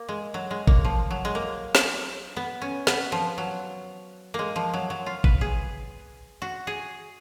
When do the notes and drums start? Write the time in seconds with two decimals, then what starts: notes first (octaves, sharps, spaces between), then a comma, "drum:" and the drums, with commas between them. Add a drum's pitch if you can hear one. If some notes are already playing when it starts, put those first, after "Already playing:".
Already playing: A#3
0.09 G#3
0.34 F#3
0.51 G#3
0.68 A#3, drum: kick G#1
0.85 F3
1.11 F#3
1.25 G#3
1.35 A#3
1.75 drum: snare
2.37 B3
2.62 C#4
2.87 B3, drum: snare
3.12 F3
3.38 F#3
4.34 G#3 A#3
4.56 F3
4.74 F#3
4.90 F#3
5.06 F4
5.24 B4, drum: kick G#1
5.41 G#4
6.42 F#4
6.67 G#4